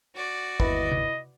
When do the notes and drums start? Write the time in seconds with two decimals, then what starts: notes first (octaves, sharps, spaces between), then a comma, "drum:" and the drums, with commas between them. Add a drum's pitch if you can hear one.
0.15 F#4 D5
0.60 G1 D#2 E4 B4 D#5, drum: kick
0.92 drum: tom C3